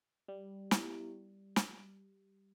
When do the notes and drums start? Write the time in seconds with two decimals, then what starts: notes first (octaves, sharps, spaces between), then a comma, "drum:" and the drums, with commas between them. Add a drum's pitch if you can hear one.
0.28 G3
0.71 B3 E4 G4, drum: snare
1.56 drum: snare